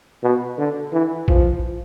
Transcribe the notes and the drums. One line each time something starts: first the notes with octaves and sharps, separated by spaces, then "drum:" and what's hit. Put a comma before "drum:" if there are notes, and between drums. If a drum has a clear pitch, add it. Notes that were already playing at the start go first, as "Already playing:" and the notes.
B2
D3
E3
F3, drum: kick A#1